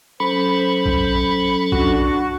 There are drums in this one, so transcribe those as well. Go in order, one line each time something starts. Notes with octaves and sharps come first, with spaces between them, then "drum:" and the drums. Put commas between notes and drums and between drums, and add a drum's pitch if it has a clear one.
F#3 C#4 A4 C5 B5
drum: kick A#1
D4 F#4, drum: kick A#1